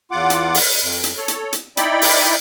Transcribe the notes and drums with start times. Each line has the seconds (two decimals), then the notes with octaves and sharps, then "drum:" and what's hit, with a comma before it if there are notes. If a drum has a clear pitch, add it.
0.11 E2 F4 F#5 D6
0.30 drum: hi-hat
0.54 drum: open hi-hat
0.82 F2
1.04 drum: hi-hat
1.17 A4 C#5
1.28 drum: hi-hat
1.53 drum: hi-hat
1.77 D#4 E4 D5 G5 B5, drum: hi-hat
2.02 drum: open hi-hat